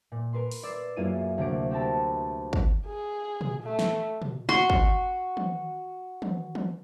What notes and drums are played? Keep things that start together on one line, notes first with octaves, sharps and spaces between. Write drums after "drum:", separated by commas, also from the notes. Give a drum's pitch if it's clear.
A#2
A#4 B4 C6
drum: open hi-hat
D5 E6 A6 C7
F#2 A#3 E4 F4 G#4 D#7
D2 C3 A#3 D7
C4 G4 A#4 A5 B5
drum: kick
G#4
drum: tom
A3
drum: snare
drum: tom
F#4 C6
drum: kick
drum: tom
drum: tom
drum: tom